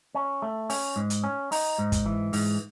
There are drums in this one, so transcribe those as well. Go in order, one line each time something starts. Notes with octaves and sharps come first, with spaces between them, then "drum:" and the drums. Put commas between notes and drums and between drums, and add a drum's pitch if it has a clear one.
C#4
A3
C#4, drum: open hi-hat
G#2
drum: hi-hat
C#4
D#4, drum: open hi-hat
G#2
drum: kick, hi-hat
E3
G#2, drum: open hi-hat